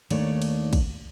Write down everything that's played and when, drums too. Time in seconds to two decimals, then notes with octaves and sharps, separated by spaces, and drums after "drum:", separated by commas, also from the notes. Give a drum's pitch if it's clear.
0.10 D#2 D#3 A3 D4 C#5 D5, drum: cymbal
0.42 drum: cymbal
0.73 drum: kick, cymbal